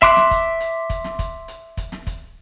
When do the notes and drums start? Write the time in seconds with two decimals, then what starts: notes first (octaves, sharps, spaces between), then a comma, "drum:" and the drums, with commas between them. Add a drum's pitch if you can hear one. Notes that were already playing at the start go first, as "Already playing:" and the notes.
0.02 E5 C6 D6 F#6, drum: kick, hi-hat
0.17 drum: snare
0.31 drum: kick, hi-hat
0.60 drum: hi-hat
0.90 drum: kick, hi-hat
1.04 drum: snare
1.19 drum: kick, hi-hat
1.48 drum: hi-hat
1.77 drum: kick, hi-hat
1.92 drum: snare
2.07 drum: kick, hi-hat